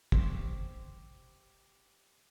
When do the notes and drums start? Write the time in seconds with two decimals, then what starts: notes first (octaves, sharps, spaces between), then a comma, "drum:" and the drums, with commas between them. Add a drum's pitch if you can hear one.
0.12 G4 C5 C#6, drum: kick